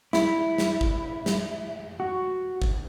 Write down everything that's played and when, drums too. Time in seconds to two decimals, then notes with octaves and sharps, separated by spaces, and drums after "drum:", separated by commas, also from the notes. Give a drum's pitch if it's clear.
0.13 E4, drum: snare
0.58 drum: snare
0.81 drum: kick
1.26 drum: snare
2.00 F#4
2.62 drum: kick